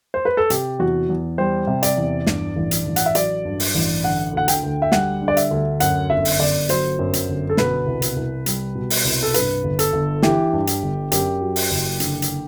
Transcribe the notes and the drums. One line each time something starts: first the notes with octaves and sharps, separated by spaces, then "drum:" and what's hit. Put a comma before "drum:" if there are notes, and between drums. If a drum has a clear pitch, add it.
C5
B4
A4
C3 G4, drum: hi-hat
E2 F#4
E2
G3 C5
C3
D5, drum: hi-hat
E2
G2, drum: snare
A1
drum: hi-hat
A1
F#5, drum: hi-hat
E5
F#3 D5, drum: hi-hat
G2
drum: open hi-hat
A1
D3 F#5
D2 F#5
G5, drum: hi-hat
D2
E5
G3 F#5, drum: snare
D3
D5
E5, drum: hi-hat
D2
F#2 F#5, drum: hi-hat
G1 E5
drum: open hi-hat
G1 D5
F#3 C5, drum: hi-hat
F#2
drum: hi-hat
G1
A4
B2 B4, drum: snare
C2
drum: hi-hat
C2
G3, drum: hi-hat
B2
drum: open hi-hat
C2
A4
G2 B4, drum: hi-hat
G1
A4, drum: hi-hat
G1
E3 G4, drum: snare
G2
drum: hi-hat
G1
F#2 G4, drum: hi-hat
F#3
drum: open hi-hat
F#1
D3, drum: hi-hat
drum: hi-hat